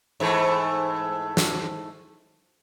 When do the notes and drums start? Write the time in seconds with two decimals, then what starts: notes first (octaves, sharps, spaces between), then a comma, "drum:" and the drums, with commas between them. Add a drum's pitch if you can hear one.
0.20 G#2 E3 A3
1.37 drum: snare